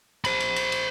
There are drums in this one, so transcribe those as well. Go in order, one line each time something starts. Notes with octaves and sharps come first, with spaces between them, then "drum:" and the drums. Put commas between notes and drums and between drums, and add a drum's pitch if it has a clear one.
C5 B5, drum: cymbal
drum: cymbal
drum: cymbal
drum: cymbal